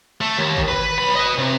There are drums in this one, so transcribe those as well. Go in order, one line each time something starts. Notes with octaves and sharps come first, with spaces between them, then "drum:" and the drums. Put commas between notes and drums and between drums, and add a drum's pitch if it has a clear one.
A3
D#2
drum: kick
B4
B1 B5
B4 D#5
C3